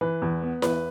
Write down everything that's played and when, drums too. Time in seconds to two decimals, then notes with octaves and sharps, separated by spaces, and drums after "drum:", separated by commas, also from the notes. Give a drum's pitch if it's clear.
0.01 E3 B4
0.22 E2
0.42 B3
0.62 E2 B4, drum: snare E4